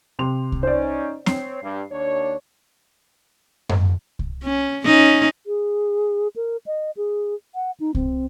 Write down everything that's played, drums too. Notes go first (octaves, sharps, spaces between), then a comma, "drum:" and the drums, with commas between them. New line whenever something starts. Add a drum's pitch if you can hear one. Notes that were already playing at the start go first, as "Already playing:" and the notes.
C3 C6 F7
drum: kick C2
C#4 D#4 C5 D5
C4 C#5 C7, drum: snare C4
G2
D#2 D4 C#5
drum: tom F#2
drum: kick C2
C#4
C#4 D#4
G#4
A#4
D#5
G#4
F#5
D#4
C4, drum: kick C2